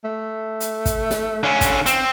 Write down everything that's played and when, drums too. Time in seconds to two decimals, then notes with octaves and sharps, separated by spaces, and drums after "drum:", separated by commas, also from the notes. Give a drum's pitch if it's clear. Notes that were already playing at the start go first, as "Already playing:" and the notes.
0.04 A3
0.60 drum: hi-hat
0.85 drum: kick, hi-hat
1.11 drum: snare
1.43 D3 C#4 F5
1.61 drum: kick, hi-hat
1.86 C4, drum: hi-hat